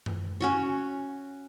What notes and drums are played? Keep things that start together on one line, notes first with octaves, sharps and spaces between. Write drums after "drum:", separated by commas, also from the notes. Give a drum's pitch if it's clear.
drum: tom F#2
C#4 F#4 C#5